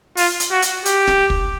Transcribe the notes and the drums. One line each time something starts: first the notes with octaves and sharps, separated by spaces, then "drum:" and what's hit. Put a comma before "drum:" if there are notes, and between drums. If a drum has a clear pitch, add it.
F4, drum: open hi-hat
drum: hi-hat
F#4
drum: hi-hat
G4, drum: hi-hat
drum: snare
drum: kick